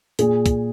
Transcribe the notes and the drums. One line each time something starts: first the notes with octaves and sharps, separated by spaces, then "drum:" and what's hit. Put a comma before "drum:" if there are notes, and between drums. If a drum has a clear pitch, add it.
A#2 G#4, drum: hi-hat
drum: kick, hi-hat